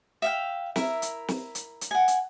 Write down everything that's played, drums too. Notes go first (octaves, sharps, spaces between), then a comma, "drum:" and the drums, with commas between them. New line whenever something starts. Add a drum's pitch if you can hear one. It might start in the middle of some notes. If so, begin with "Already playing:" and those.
E5 F5 G5
E4 A#4 E5, drum: snare
drum: hi-hat
drum: snare
drum: hi-hat
drum: hi-hat
F#5 G#5
drum: hi-hat